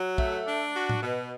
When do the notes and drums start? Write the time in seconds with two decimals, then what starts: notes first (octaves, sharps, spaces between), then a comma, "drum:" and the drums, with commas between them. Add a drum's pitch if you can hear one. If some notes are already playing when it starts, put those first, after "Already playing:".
Already playing: F#3
0.18 A3, drum: kick
0.47 D4
0.75 F#4
0.89 drum: tom A2
1.03 B2